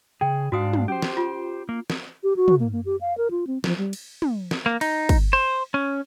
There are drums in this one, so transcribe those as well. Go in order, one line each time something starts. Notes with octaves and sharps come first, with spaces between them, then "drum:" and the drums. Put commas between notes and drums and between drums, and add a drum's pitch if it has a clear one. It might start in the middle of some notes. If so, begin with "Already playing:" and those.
C#3 G#4 G5
G#2 D4 F#4 F5 D#6
drum: tom
C#4 G4 C5
drum: snare
F4
A#3
drum: snare
G4
F#4
drum: tom
A#3
A#3
G4
F5
A#4
F4
C4
F3, drum: snare
G3
drum: cymbal
drum: tom
drum: snare
A#3
D#4, drum: cymbal
drum: kick, cymbal
C5
C#4